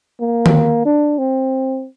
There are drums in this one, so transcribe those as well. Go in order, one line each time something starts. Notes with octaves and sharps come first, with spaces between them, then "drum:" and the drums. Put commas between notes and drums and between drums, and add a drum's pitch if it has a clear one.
A#3
drum: tom D#3
D4
C4